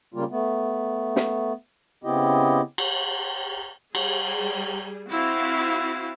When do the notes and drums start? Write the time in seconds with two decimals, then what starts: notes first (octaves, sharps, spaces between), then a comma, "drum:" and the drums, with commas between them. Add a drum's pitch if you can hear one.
0.14 C#3 G3 A#3 F4
0.31 A3 B3
1.16 drum: snare
2.04 C#3 B3 C4 E4 G4 D#5
2.78 drum: cymbal
3.95 G3 G#4, drum: cymbal
5.10 C4 E4 F#4 F5